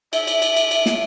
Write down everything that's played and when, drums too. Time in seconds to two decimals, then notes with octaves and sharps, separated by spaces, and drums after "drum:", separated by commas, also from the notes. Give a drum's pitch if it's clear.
0.13 E5, drum: cymbal
0.27 drum: cymbal
0.42 drum: cymbal
0.57 drum: cymbal
0.71 drum: cymbal
0.86 drum: snare